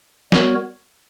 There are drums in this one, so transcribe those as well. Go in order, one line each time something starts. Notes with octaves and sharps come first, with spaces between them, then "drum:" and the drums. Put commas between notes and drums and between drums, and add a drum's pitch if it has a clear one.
G3 B3 F#4 A#4 C#5, drum: snare